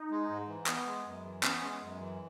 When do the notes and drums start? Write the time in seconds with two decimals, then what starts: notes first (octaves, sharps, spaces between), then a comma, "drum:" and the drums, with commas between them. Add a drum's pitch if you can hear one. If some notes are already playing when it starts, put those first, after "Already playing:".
Already playing: D#4
0.11 G#3
0.29 G#2
0.48 E3
0.66 B3, drum: clap
0.86 G#3
1.05 F#2
1.24 E3
1.43 B3 C#4, drum: clap
1.62 G#3
1.81 F#2
2.00 E3